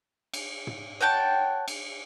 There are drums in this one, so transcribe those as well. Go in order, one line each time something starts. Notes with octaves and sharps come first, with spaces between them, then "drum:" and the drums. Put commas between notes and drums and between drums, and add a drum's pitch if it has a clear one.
drum: cymbal
drum: tom
C#5 F#5 G5 A5
drum: cymbal